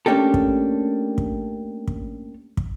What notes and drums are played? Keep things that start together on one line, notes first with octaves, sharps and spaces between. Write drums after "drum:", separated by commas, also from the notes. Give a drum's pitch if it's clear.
A3 A#3 C#4 D4 G4 A4
drum: kick
drum: kick
drum: kick
drum: kick